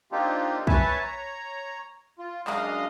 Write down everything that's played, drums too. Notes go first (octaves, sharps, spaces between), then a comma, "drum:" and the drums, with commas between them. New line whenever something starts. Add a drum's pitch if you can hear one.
A#3 C4 D4 D#4 F4 G4
B4 C#5 E5 G#5 A5, drum: kick
C#5 A#5
F4
F#2 G#3 D4 D#5 F5 D#6, drum: clap